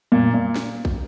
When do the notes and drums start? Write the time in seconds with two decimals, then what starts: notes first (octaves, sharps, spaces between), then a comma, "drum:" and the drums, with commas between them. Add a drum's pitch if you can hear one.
0.12 A#2
0.34 A#2
0.56 drum: snare
0.85 drum: kick